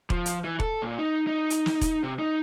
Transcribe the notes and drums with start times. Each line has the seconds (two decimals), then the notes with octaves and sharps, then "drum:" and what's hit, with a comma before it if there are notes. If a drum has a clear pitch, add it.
0.10 F3, drum: kick E1
0.26 drum: hi-hat
0.44 E3
0.60 A4, drum: kick E1
0.82 A#2
0.98 D#4
1.27 D#4
1.50 drum: hi-hat
1.66 drum: snare
1.81 drum: kick E1, hi-hat
2.03 C3
2.19 D#4